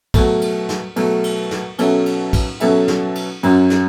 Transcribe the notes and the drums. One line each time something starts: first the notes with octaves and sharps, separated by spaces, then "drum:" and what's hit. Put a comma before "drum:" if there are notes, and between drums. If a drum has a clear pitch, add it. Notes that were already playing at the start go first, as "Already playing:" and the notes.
B2 F#3 A3, drum: kick, cymbal
drum: cymbal
drum: snare
B2 F#3 A3, drum: cymbal
drum: cymbal
drum: snare
B2 F#3 C#4 A4 E5, drum: cymbal
drum: cymbal
drum: kick, cymbal
B2 F#3 C#4 A4 E5, drum: cymbal
drum: snare
drum: cymbal
F#2 F#3 C#4, drum: cymbal
drum: snare